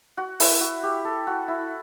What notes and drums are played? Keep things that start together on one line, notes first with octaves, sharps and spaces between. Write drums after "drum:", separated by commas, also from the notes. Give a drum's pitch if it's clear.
F#4
E4, drum: open hi-hat
F#4
G4
A4
F#4
E4